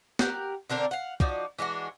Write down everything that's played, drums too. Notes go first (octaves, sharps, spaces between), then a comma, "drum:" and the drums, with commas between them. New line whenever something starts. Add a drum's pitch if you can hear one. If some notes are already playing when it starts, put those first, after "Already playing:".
G4 A#4 F#5, drum: snare
D3 C4 D4 A#4
F5 F#5
F3 D#4 F#4 D5, drum: kick
E3 G#3 D4 F#4